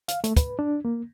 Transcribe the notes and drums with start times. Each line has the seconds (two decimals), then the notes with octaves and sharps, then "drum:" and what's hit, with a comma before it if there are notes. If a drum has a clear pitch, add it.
0.08 F5, drum: hi-hat
0.24 A3, drum: hi-hat
0.37 B4, drum: kick, hi-hat
0.59 D4
0.85 A#3